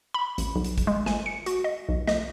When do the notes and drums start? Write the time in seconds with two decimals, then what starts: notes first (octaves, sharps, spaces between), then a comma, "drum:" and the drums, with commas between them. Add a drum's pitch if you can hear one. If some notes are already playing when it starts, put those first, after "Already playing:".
0.14 B5
0.38 A1, drum: hi-hat
0.55 B1
0.64 drum: hi-hat
0.78 drum: kick G#1, hi-hat
0.87 G#3
1.06 G#5, drum: snare
1.26 C#7
1.46 F#4, drum: hi-hat
1.64 D#5
1.89 B1
2.08 D#5, drum: snare